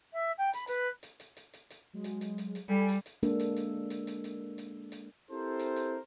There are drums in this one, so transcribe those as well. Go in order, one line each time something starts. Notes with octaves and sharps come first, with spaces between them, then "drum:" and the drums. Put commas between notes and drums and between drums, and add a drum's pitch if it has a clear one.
E5
G5
B5, drum: hi-hat
B4, drum: hi-hat
drum: hi-hat
drum: hi-hat
drum: hi-hat
drum: hi-hat
drum: hi-hat
F#3 G#3
drum: hi-hat
drum: hi-hat
drum: hi-hat
drum: hi-hat
G3 A4 G#5 B5
drum: hi-hat
drum: hi-hat
G#3 A#3 D4 A4, drum: hi-hat
drum: hi-hat
drum: hi-hat
drum: hi-hat
drum: hi-hat
drum: hi-hat
drum: hi-hat
drum: hi-hat
C4 E4 G4 A4 A#4 C5
drum: hi-hat
drum: hi-hat